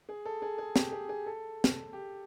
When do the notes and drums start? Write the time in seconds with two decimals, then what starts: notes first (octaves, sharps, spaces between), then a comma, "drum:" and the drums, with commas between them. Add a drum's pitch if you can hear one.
0.09 G#4
0.25 A4
0.42 G#4
0.58 G#4
0.76 G4, drum: snare
0.92 G#4
1.09 G#4
1.26 A4
1.64 drum: snare
1.93 G4